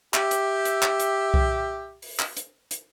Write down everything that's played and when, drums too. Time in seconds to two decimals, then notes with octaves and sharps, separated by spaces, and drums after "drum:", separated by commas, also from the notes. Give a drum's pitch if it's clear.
0.14 G4 E5, drum: clap
0.31 drum: hi-hat
0.65 drum: hi-hat
0.82 drum: clap
1.00 drum: hi-hat
1.34 drum: kick C2
2.02 drum: open hi-hat
2.19 drum: clap
2.37 drum: hi-hat
2.71 drum: hi-hat